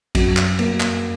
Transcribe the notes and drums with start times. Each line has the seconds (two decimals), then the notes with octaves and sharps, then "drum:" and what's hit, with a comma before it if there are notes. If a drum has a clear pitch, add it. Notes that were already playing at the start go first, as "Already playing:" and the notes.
0.15 F#2, drum: kick A1, cymbal
0.37 drum: clap
0.59 A#3, drum: cymbal
0.80 drum: clap